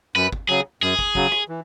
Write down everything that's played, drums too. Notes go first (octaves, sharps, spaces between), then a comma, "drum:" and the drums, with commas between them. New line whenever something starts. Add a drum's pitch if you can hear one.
F#2 B4
drum: kick
C#3 F#3 G#4
F#2 G#4
drum: kick
C#3 F#3, drum: kick
drum: rim click
E3